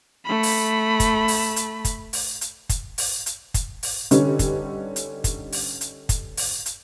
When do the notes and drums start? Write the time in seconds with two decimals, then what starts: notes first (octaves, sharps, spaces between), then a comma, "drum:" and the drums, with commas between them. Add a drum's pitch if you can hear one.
0.25 A3 B5
0.43 drum: open hi-hat
1.00 drum: kick, hi-hat
1.28 drum: open hi-hat
1.56 drum: hi-hat
1.85 drum: kick, hi-hat
2.13 drum: open hi-hat
2.41 drum: hi-hat
2.69 drum: kick, hi-hat
2.98 drum: open hi-hat
3.26 drum: hi-hat
3.54 drum: kick, hi-hat
3.83 drum: open hi-hat
4.11 D3 G3 C#4 D#4 G4 B4, drum: hi-hat
4.39 drum: kick, hi-hat
4.96 drum: hi-hat
5.24 drum: kick, hi-hat
5.52 drum: open hi-hat
5.81 drum: hi-hat
6.09 drum: kick, hi-hat
6.37 drum: open hi-hat
6.66 drum: hi-hat